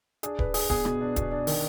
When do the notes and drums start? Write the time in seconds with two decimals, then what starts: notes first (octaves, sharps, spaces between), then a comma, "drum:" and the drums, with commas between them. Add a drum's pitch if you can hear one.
0.23 D4 G#4, drum: hi-hat
0.39 D4 B4, drum: kick D1
0.54 D4 G#4, drum: open hi-hat
0.70 B3 G#4, drum: kick D1
0.85 B2, drum: rim click
1.01 D4
1.16 B2, drum: kick D1, hi-hat
1.31 D4
1.47 D#3, drum: open hi-hat